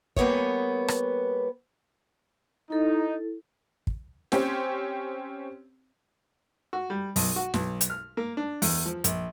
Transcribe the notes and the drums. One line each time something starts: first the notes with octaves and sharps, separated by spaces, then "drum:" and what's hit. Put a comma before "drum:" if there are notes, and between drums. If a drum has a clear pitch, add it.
G3 A#3 B3 G#4 C#5, drum: kick
drum: rim click
D#4 E4 A4
drum: kick
C4 C#4 G4 C5, drum: snare
F#4
G3
B1, drum: open hi-hat
F#4
B1, drum: snare
drum: hi-hat
F6
A#3
D4
E2, drum: open hi-hat
F3
A#1, drum: hi-hat